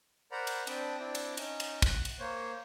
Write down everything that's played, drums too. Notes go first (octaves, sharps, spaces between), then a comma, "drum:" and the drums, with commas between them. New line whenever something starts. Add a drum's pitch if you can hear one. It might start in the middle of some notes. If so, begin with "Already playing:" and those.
A#4 C5 D5 F#5 A#5 B5
drum: cymbal
C4 D4 G5 A5 B5 D#6, drum: cymbal
C4 D4 E4 D5 G5
drum: cymbal
C#4 D#4, drum: cymbal
drum: cymbal
F#6, drum: kick, cymbal
drum: cymbal
A#3 C5 C#5